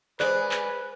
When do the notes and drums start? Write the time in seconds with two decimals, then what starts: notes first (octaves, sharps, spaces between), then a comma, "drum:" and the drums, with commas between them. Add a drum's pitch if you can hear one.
0.20 G#3 G#4 B4 C5 D5 F#6, drum: clap
0.51 drum: clap